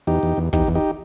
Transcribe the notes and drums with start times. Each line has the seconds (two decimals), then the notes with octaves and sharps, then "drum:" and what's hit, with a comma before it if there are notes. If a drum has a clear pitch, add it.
0.07 E2 D#4 G4
0.23 E2
0.37 E2
0.53 E2 D#4 G4, drum: kick
0.67 E2
0.75 D#4 G4